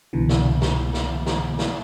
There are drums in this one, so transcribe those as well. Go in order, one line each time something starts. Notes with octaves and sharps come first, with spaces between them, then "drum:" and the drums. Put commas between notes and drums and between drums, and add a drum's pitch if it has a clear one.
C2 B2 D3 E3
drum: snare
drum: snare
drum: snare
drum: snare
drum: snare